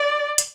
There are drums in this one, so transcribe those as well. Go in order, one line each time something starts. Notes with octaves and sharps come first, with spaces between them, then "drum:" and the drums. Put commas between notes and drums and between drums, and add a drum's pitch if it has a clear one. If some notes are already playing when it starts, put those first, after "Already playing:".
Already playing: D5
drum: hi-hat